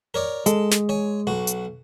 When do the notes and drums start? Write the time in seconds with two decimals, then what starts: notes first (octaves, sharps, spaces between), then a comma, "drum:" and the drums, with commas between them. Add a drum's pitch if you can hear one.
0.14 A#4 C#5 D5
0.46 G#3 A4, drum: hi-hat
0.71 drum: snare
0.89 C#5 G#5
1.27 B1 F#4
1.47 drum: hi-hat